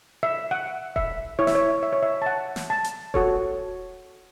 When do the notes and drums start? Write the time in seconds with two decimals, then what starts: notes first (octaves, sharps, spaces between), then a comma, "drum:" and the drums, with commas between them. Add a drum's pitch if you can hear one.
0.23 E5
0.51 F#5
0.96 E5, drum: kick D#1
1.39 E4 C#5
1.47 E5, drum: snare
1.55 C#5
1.83 E5
1.92 C#5
2.03 E5
2.22 A5
2.26 F#5
2.56 drum: snare
2.70 A5
2.84 drum: hi-hat
3.14 F#4 A4 C#5, drum: kick D#1